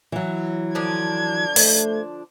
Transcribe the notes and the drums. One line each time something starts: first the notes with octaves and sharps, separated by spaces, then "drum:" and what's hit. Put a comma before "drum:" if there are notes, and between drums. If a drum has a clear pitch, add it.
E3 F#3
D3 F3 D4 G#6
A3 C5, drum: open hi-hat